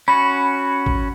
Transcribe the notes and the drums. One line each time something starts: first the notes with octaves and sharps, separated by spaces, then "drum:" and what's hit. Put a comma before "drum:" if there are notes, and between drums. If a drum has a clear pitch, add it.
C#4 F#4 B5
drum: kick G#1